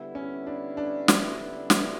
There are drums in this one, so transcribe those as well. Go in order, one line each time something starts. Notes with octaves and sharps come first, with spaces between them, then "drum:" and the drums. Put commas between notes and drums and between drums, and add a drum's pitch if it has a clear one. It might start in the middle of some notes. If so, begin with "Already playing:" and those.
Already playing: D3 G3 B3 E4
C#4
D4
D4
drum: snare
drum: snare